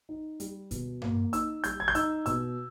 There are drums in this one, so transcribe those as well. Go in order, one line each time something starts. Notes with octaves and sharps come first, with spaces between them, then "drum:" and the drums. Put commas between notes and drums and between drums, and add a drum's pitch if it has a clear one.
D#4
G3, drum: hi-hat
B2, drum: kick D2, hi-hat
A#3, drum: tom G2
D#4 E6, drum: hi-hat
G3 G6, drum: hi-hat
G#6
G6
D#4 E6, drum: hi-hat
B2 E6, drum: hi-hat